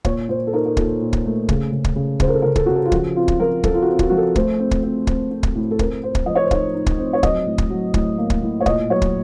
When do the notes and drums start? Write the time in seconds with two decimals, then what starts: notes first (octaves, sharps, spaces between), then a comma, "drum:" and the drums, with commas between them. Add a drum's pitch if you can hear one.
0.05 A#2 C#5, drum: kick
0.29 A#2 C5
0.47 A4
0.52 D#4 A#4
0.66 A#4
0.77 A#2 A4, drum: kick
1.01 A#2
1.13 drum: kick
1.25 A3
1.49 C#3, drum: kick
1.72 C#3
1.84 drum: kick
1.96 C#3
2.20 C#3 C5, drum: kick
2.28 A#4
2.34 A4
2.42 C#3 A#4
2.56 A4, drum: kick
2.66 C#3 F#4
2.76 A4
2.85 F4
2.92 F3 F#4, drum: kick
3.16 C4 F4
3.28 drum: kick
3.40 F3 A#4
3.64 F3 A4, drum: kick
3.74 F4
3.82 F#4
3.88 C4
3.99 F#4, drum: kick
4.10 F3 F#4
4.17 A4
4.36 A3 C5, drum: kick
4.59 C4
4.71 drum: kick
4.83 C4
5.07 C4, drum: kick
5.31 C4
5.43 drum: kick
5.55 A2
5.71 A4
5.79 C4 A#4, drum: kick
6.03 C4 C5
6.15 drum: kick
6.26 F3 D#5
6.35 C#5
6.43 C5
6.51 D#4 C#5, drum: kick
6.74 D#4
6.86 drum: kick
6.98 C4
7.13 C#5
7.23 F#3 D#5, drum: kick
7.46 A2
7.58 drum: kick
7.70 F#3
7.94 A2, drum: kick
8.18 A#3
8.30 drum: kick
8.42 A2
8.60 C#5
8.66 A#2 D#5, drum: kick
8.90 F#3 C#5
9.02 drum: kick